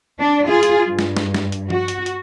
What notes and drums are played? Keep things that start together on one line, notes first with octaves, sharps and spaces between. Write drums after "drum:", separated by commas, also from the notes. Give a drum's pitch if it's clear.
D4
F4 G#4
drum: hi-hat
G2
drum: snare
drum: snare
drum: snare
drum: hi-hat
F#4, drum: tom
drum: hi-hat
drum: hi-hat